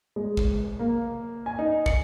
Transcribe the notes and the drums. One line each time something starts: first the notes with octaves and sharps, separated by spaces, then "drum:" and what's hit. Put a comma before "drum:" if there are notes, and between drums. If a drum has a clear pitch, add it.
G#3
drum: kick
A#3
G#5
D#4
C#7, drum: kick